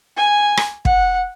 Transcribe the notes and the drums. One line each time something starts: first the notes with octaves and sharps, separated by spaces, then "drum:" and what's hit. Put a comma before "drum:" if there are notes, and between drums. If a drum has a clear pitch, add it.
G#5
drum: rim click
F#5, drum: kick